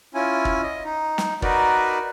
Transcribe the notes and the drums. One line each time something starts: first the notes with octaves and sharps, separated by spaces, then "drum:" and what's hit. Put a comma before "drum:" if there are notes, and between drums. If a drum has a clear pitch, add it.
C#4 E4 F4 G#5
drum: kick
D#5
D#4
drum: snare
D#4 F#4 A#4 B4 D5, drum: kick